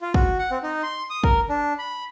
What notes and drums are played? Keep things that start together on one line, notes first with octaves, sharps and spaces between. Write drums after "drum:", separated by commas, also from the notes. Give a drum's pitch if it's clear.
F4
F#4, drum: kick
F#5
C4
D#4
C6
D#6
A#4, drum: kick
D4
B5